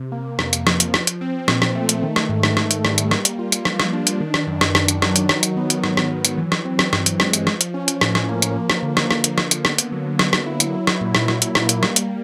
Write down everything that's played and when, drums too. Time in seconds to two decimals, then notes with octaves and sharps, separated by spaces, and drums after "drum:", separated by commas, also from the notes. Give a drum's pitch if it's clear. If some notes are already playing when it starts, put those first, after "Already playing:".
Already playing: C3
0.12 A#3
0.39 F2, drum: rim click
0.53 drum: hi-hat
0.67 F3, drum: rim click
0.80 drum: hi-hat
0.94 F3, drum: rim click
1.07 drum: hi-hat
1.21 C4
1.48 A#2, drum: rim click
1.62 drum: rim click
1.75 A3
1.89 drum: hi-hat
2.03 D#3
2.16 drum: rim click
2.29 G#2
2.43 drum: rim click
2.57 G#2, drum: rim click
2.71 drum: hi-hat
2.85 G3, drum: rim click
2.98 drum: hi-hat
3.11 A#3, drum: rim click
3.25 drum: hi-hat
3.39 F4
3.52 drum: hi-hat
3.65 F3, drum: rim click
3.80 drum: rim click
3.93 D4
4.07 drum: hi-hat
4.20 D#3
4.34 drum: rim click
4.47 F#2
4.61 drum: rim click
4.75 F#2, drum: rim click
4.88 drum: hi-hat
5.02 F#3, drum: rim click
5.16 drum: hi-hat
5.29 D#3, drum: rim click
5.43 drum: hi-hat
5.57 B3
5.70 drum: hi-hat
5.84 G#2, drum: rim click
5.97 drum: rim click
6.11 F#3
6.25 drum: hi-hat
6.38 E3
6.52 drum: rim click
6.65 C4
6.79 drum: rim click
6.93 G2, drum: rim click
7.06 drum: hi-hat
7.20 G#3, drum: rim click
7.33 drum: hi-hat
7.47 F3, drum: rim click
7.61 drum: hi-hat
7.74 C#4
7.88 drum: hi-hat
8.01 A2, drum: rim click
8.15 drum: rim click
8.29 A#3
8.42 drum: hi-hat
8.56 F3
8.70 drum: rim click
8.83 D3
8.97 drum: rim click
9.11 D3, drum: rim click
9.24 drum: hi-hat
9.38 A#3, drum: rim click
9.51 drum: hi-hat
9.65 B3, drum: rim click
9.78 drum: hi-hat
9.92 F#3
10.19 F#3, drum: rim click
10.33 drum: rim click
10.46 E4
10.60 drum: hi-hat
10.74 F#3
10.87 drum: rim click
11.01 A#2
11.15 drum: rim click
11.28 A#2, drum: rim click
11.42 drum: hi-hat
11.55 A#3, drum: rim click
11.69 drum: hi-hat
11.83 G3, drum: rim click
11.96 drum: hi-hat